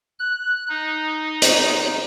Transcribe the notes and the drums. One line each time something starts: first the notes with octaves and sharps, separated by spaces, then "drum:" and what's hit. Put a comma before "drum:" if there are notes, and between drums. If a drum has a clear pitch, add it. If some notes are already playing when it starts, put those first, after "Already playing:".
F#6
D#4
drum: hi-hat